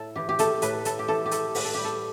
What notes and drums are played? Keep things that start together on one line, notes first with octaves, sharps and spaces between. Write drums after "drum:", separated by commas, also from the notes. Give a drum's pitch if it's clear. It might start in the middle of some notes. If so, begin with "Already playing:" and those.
Already playing: A2 E4 A4
E3 G4
G4
A3 A4, drum: hi-hat
A2 B4, drum: hi-hat
A2 A4, drum: hi-hat
G4
E3 A4
G4
A3 A4, drum: hi-hat
A2 B4, drum: open hi-hat
A4
G3 G4
A4